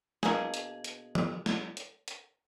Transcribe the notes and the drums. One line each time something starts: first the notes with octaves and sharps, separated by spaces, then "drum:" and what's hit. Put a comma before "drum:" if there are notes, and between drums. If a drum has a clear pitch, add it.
B2 A#3 D4 G#4, drum: snare
drum: hi-hat
drum: hi-hat
drum: tom
drum: snare
drum: hi-hat
drum: hi-hat